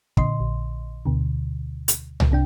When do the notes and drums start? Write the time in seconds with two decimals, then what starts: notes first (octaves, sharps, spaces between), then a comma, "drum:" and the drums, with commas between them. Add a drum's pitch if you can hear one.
0.17 A#2 D3 D#5 C6, drum: kick
0.40 A#1
1.06 D2 B2 D3
1.88 drum: hi-hat
2.20 drum: tom C2
2.30 C2 C3 D4 G5